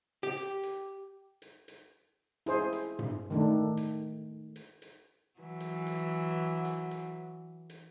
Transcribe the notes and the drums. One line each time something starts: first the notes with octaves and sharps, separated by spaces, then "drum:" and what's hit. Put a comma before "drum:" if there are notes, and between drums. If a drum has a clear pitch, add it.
G4
drum: hi-hat
drum: hi-hat
drum: hi-hat
drum: hi-hat
E4 G#4 C5, drum: hi-hat
drum: hi-hat
drum: tom G2
D#3 A3 D4
drum: hi-hat
drum: hi-hat
drum: hi-hat
E3 F#3
drum: hi-hat
drum: hi-hat
drum: hi-hat
drum: hi-hat
drum: hi-hat